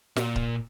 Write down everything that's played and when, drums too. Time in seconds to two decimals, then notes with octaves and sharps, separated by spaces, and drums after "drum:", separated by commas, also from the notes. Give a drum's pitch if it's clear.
0.16 A#2, drum: snare
0.36 drum: kick D1